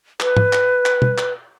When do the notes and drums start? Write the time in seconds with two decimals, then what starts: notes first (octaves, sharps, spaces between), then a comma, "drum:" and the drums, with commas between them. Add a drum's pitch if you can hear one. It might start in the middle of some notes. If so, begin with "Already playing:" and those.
0.20 B4, drum: clap
0.37 drum: tom G#2
0.53 drum: clap
0.85 drum: clap
1.02 drum: tom B2
1.18 drum: clap